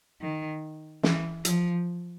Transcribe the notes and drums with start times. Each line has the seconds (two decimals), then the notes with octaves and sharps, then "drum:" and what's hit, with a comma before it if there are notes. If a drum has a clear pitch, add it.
0.21 D#3
1.03 E3, drum: snare
1.45 F3, drum: hi-hat